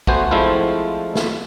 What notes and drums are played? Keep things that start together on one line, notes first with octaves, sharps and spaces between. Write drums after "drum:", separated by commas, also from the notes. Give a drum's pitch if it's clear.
A3 B3 F#4 C5 G#5, drum: kick
F3 G#3 A3 C4 E4 F4
drum: snare